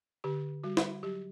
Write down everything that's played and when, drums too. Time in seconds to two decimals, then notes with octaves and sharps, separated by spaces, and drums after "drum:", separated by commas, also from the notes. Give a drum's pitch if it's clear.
0.24 D3 G4
0.64 G3 F#4
0.77 drum: snare
1.03 F#3 G4